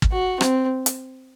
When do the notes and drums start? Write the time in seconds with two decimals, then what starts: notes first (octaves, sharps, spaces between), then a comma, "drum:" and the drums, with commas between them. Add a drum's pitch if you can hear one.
0.02 drum: kick
0.12 F#4
0.41 C4, drum: rim click
0.86 drum: hi-hat